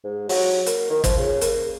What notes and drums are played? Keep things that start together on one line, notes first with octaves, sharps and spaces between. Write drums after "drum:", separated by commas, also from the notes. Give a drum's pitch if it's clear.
G#2
F#3, drum: open hi-hat
A#3, drum: hi-hat
D#3
F3, drum: kick, hi-hat
C#3
A#3, drum: hi-hat